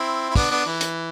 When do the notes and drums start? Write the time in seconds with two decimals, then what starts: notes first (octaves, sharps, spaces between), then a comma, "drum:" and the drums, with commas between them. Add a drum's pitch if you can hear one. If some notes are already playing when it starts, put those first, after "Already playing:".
Already playing: C4 E4
0.30 E4
0.35 B3 D4, drum: kick, open hi-hat
0.50 B3 D4
0.66 E3
0.81 drum: hi-hat